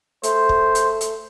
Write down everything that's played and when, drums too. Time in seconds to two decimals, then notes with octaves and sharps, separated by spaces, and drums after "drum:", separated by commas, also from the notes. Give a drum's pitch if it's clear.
0.24 A3 C5, drum: hi-hat
0.49 drum: kick
0.75 drum: hi-hat
1.01 drum: hi-hat